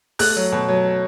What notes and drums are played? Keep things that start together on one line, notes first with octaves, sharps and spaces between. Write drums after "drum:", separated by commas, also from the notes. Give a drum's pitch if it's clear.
A3 F#6, drum: open hi-hat
F#3
B2
F#3